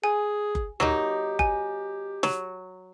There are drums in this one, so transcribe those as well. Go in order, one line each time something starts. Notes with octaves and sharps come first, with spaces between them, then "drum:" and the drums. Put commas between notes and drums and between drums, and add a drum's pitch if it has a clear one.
G#4 G#5
drum: kick F#1
F#3 A#3 D#4 G4, drum: tom
G#5, drum: kick F#1
F#3, drum: snare